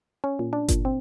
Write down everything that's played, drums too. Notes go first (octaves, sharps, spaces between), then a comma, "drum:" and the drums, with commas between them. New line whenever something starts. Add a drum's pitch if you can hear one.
C#4
A#2
D4
A#2, drum: kick G1, hi-hat
C4